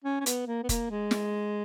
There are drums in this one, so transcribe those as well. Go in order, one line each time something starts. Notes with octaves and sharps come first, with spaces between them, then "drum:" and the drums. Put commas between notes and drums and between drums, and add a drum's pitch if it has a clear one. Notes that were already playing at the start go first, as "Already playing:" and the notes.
C#4
C#4
B3, drum: hi-hat
A#3
B3
A#3, drum: kick F1, hi-hat
G#3
drum: snare